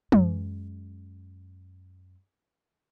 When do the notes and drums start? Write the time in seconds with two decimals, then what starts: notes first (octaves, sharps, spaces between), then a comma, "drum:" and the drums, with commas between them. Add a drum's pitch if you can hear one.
0.12 F#2 G#3, drum: tom